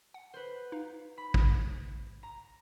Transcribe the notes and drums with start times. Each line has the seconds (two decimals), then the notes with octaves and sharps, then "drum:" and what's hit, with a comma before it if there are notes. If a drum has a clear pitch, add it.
0.14 F#5
0.34 B4 C5
0.72 D#4 F5
1.18 B5
1.34 drum: kick
2.23 A#5